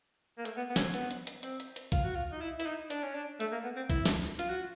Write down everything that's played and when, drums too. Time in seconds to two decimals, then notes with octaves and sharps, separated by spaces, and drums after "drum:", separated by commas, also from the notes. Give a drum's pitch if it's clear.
0.38 A#3
0.45 A3, drum: hi-hat
0.57 B3
0.70 B3
0.76 C#4, drum: snare
0.81 C4
0.94 B3, drum: hi-hat
1.11 drum: hi-hat
1.27 drum: hi-hat
1.43 C4, drum: hi-hat
1.60 drum: hi-hat
1.76 drum: hi-hat
1.92 F4, drum: kick, hi-hat
2.04 F#4
2.15 F4
2.32 D#4
2.41 E4
2.60 E4, drum: hi-hat
2.66 D#4
2.90 D4, drum: hi-hat
3.03 C#4
3.14 D4
3.40 A3, drum: hi-hat
3.52 A#3
3.64 B3
3.76 C4
3.90 E4, drum: kick, hi-hat
4.06 drum: snare
4.22 drum: open hi-hat
4.39 F4, drum: hi-hat
4.50 F#4